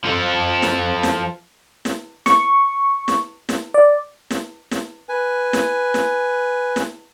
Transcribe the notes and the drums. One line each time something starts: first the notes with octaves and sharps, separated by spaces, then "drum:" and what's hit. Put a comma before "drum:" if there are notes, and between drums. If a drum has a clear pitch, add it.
F3 A4
drum: snare
drum: snare
drum: snare
C#6, drum: snare
drum: snare
drum: snare
D5
drum: snare
drum: snare
B4 G#5
drum: snare
drum: snare
drum: snare